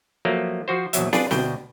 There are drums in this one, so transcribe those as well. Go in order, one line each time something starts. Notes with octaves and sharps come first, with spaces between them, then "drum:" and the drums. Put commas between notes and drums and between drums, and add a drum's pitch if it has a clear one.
F3 F#3 A3 A#3
F3 F#4 C5
A#1 E2 F#3 E5, drum: hi-hat
D4 F4 G#4 B4 D5, drum: snare
D2 B2 G5, drum: snare